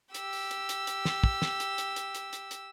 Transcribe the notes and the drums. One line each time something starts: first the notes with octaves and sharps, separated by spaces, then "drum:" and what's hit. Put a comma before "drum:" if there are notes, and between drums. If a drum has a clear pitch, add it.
G4 E6, drum: hi-hat
drum: open hi-hat
drum: hi-hat
drum: hi-hat
drum: hi-hat
drum: snare
drum: kick
drum: snare
drum: hi-hat
drum: hi-hat
drum: hi-hat
drum: hi-hat
drum: hi-hat
drum: hi-hat